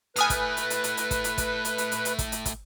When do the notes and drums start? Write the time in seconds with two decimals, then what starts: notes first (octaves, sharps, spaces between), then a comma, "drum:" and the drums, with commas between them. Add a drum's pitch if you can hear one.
0.16 A2 A3 B4 G#5 D#6 F6, drum: hi-hat
0.30 drum: kick, hi-hat
0.57 drum: hi-hat
0.70 drum: hi-hat
0.84 drum: hi-hat
0.97 drum: hi-hat
1.11 drum: kick, hi-hat
1.24 drum: hi-hat
1.38 drum: kick, hi-hat
1.65 drum: hi-hat
1.78 drum: hi-hat
1.92 drum: hi-hat
2.05 drum: hi-hat
2.19 drum: kick, hi-hat
2.32 drum: hi-hat
2.45 drum: kick, hi-hat